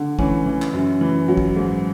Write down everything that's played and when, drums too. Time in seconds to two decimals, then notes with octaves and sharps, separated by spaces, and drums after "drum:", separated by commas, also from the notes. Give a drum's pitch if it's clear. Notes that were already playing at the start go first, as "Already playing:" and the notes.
Already playing: D3
0.19 E3 C#4, drum: kick
0.46 E3
0.62 drum: clap
0.73 F#2
1.01 E3
1.28 F#3
1.37 drum: kick
1.56 G#2